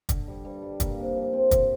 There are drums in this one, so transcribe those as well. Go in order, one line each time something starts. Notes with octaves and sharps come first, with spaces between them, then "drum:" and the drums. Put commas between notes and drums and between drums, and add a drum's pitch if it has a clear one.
D3, drum: kick, hi-hat
G3
G2
G3
A#3, drum: kick, hi-hat
C3
F3
C4
drum: kick, hi-hat